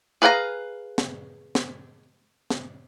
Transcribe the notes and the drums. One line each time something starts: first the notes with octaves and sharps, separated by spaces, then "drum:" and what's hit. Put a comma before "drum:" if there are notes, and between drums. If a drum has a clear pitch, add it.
G#4 B4 F5 G5 A#5
drum: snare
drum: snare
drum: snare